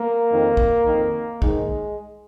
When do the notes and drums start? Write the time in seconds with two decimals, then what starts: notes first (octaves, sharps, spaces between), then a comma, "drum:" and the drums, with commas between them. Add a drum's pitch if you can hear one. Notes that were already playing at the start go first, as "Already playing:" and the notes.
Already playing: A#3
0.30 F2 D#3
0.57 drum: kick B1
0.85 F2 D#3
1.42 G#2 D#3 G#3, drum: kick B1